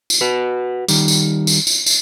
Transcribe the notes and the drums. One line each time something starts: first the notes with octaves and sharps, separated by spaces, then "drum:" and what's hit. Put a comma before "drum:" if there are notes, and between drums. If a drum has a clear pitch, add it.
drum: tambourine
F#4 B4
D#3 G3, drum: tambourine
drum: tambourine
drum: tambourine
drum: tambourine
drum: tambourine